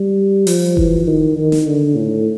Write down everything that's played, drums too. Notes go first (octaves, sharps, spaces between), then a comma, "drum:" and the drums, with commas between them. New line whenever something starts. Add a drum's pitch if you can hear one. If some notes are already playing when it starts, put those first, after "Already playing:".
Already playing: G3
F3, drum: open hi-hat
E3, drum: kick F#1
D#3
D#3
drum: snare
D3
A2